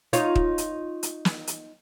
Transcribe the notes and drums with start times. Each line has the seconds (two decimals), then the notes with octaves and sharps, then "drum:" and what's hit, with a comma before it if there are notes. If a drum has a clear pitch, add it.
0.13 D#4 F4 C#5, drum: hi-hat
0.36 drum: kick
0.58 drum: hi-hat
1.03 drum: hi-hat
1.25 drum: snare
1.47 drum: hi-hat